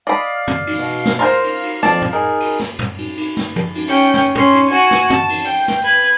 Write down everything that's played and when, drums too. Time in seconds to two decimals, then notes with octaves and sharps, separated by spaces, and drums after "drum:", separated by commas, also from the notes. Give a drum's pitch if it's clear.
0.07 D5 D#5 F5 B5
0.48 drum: tom
0.67 drum: cymbal
0.79 B2
1.05 drum: snare
1.19 F4 A#4 C5 A#5
1.44 drum: cymbal
1.63 drum: cymbal
1.83 F2 F3 D5 A5, drum: snare
2.02 drum: tom
2.13 D#4 G#4 A#4
2.40 drum: cymbal
2.60 drum: snare
2.79 drum: tom
2.98 drum: cymbal
3.17 drum: cymbal
3.37 drum: snare
3.56 drum: tom
3.75 drum: cymbal
3.88 C#4 G5
4.14 drum: snare
4.35 C#4 C6, drum: tom
4.52 drum: cymbal
4.68 F#4 G#5
4.91 drum: snare
5.10 A5, drum: tom
5.29 drum: cymbal
5.45 G5
5.68 drum: snare
5.84 B4 G#6